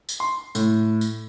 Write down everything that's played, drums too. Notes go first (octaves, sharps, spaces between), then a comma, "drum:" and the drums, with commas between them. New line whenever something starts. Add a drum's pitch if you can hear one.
drum: tambourine
C6
A2, drum: tambourine
drum: tambourine